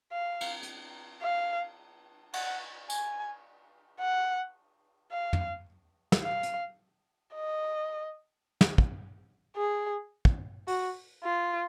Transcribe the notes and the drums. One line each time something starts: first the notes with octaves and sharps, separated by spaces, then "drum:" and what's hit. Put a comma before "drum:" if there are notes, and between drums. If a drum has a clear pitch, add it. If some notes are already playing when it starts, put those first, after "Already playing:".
F5
drum: cymbal
drum: hi-hat
F5
F#5, drum: cymbal
G#5, drum: tambourine
F#5
F5
drum: tom
drum: snare
F5
drum: hi-hat
D#5
drum: snare
drum: kick
G#4
drum: kick
F#4, drum: open hi-hat
F4